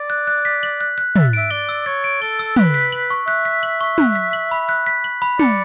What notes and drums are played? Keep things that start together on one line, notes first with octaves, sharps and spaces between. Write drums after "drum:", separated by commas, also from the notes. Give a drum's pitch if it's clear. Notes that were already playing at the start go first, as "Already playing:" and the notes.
Already playing: D5
F#6
F#6
B6
F#7
F#6
F#6
E5 A6, drum: tom
E5 D7
D5 G7
E6
C#5 A6
D7
A4 G7
E6
B4 F#6, drum: tom
B6
F#7
C#6
E5 F#6
B6
F#7
C#6
F#6, drum: tom
B6
F#7
B5
F#6
B6
F#7
B5
D5 C#7, drum: tom